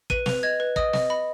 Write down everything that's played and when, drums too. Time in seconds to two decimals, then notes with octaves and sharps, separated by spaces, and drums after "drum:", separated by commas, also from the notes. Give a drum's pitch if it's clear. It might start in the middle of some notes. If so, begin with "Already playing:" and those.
0.10 B4 D#7, drum: kick
0.26 B4 F7, drum: snare
0.43 D#5 G#6
0.60 B4
0.76 D#5 D#6, drum: kick
0.93 D#5, drum: snare
1.10 D#5 B5